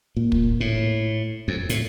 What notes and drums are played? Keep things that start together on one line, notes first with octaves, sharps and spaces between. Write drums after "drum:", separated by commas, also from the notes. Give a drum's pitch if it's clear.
A#2
drum: kick
A2
F2
A2, drum: hi-hat